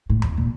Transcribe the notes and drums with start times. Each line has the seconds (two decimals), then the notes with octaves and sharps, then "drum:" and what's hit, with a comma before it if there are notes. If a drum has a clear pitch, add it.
0.10 A2
0.22 drum: tom E2
0.37 A#2